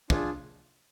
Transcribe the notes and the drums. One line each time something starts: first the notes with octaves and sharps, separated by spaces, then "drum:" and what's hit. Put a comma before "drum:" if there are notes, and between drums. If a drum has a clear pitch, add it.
D4 F4 G#4, drum: kick